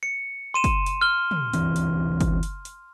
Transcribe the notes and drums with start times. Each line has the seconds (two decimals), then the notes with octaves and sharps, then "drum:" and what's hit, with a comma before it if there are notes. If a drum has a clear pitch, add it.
0.03 C#7
0.54 C6 D#7 E7
0.64 drum: kick, hi-hat
0.86 drum: hi-hat
1.01 F6 G7
1.31 drum: tom
1.53 D1 E3 C4, drum: hi-hat
1.76 drum: hi-hat
2.21 drum: kick, hi-hat
2.43 drum: hi-hat
2.65 drum: hi-hat